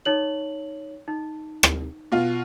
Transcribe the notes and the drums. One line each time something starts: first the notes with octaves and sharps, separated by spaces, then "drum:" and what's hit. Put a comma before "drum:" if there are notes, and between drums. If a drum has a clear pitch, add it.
D#4 C#5 F#7
D#4
drum: rim click
B2 F4